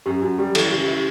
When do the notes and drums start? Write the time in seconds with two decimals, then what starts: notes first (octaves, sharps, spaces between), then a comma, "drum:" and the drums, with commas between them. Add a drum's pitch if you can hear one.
0.06 F#2 G4
0.22 F#2 F#4
0.38 G3 G4
0.55 E3 A4, drum: cymbal
0.72 C#3 G4
0.88 E4 G4